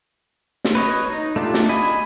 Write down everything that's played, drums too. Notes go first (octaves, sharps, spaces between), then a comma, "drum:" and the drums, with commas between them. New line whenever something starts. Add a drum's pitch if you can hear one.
drum: snare
B4 C#5 D#5
D#4
A3 D4 F4 G4
drum: snare
D#5 G#5 B5